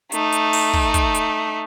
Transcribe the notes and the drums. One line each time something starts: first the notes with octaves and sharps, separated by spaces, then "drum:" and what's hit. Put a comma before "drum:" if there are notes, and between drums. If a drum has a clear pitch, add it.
A3 D#4, drum: hi-hat
drum: hi-hat
drum: open hi-hat
drum: kick
drum: kick, hi-hat
drum: hi-hat